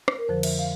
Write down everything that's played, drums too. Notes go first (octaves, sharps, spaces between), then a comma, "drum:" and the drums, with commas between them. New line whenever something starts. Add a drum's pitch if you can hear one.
drum: rim click
A#4
F2 D3 F3 C5
E5, drum: cymbal
F5